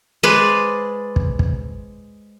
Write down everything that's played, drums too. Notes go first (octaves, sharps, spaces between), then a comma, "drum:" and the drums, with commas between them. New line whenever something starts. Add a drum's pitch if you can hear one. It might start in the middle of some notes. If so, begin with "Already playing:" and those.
G#3 B4 C5 D5
drum: kick
drum: kick